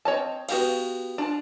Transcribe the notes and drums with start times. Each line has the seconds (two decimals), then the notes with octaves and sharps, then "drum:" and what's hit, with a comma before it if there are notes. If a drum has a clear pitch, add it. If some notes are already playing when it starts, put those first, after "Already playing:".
0.05 C4 C#5 D#5 A5
0.49 B3 F#4 G4 F5, drum: cymbal
1.18 D4 F4 A5